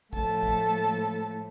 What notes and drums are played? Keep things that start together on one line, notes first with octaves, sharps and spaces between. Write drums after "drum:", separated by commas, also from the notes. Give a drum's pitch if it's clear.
A2 F3 A3 A4 A5, drum: kick
drum: kick